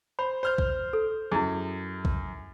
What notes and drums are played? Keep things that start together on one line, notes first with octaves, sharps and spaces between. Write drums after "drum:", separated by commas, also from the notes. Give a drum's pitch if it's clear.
C5 B5
C5 F6 G6
drum: kick A#1
A4
F#2 E4 G#4
drum: kick A#1